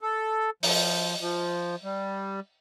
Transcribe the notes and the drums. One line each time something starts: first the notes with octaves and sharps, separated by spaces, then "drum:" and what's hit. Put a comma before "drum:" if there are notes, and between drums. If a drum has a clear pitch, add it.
A4
F3, drum: open hi-hat
F3
G3